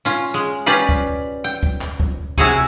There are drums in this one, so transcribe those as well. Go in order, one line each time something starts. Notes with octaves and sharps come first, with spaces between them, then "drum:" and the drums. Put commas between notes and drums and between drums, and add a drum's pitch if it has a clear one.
C#4 F4
G#3
C#4 G4 B4 D5 F5
drum: kick C#2
G5
drum: kick C#2
drum: clap
drum: kick C#2
C3 E4 F#4 G#4 C#5 G#5, drum: kick C#2